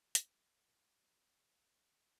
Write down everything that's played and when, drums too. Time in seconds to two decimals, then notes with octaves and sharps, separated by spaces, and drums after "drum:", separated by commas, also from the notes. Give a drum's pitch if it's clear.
0.15 D#1 F3 A#3 C4, drum: hi-hat